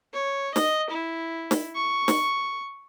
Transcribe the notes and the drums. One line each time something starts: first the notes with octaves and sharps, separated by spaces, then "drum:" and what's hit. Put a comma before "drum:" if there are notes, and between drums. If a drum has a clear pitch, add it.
C#5
D#5, drum: snare
E4
drum: snare
C#6
drum: snare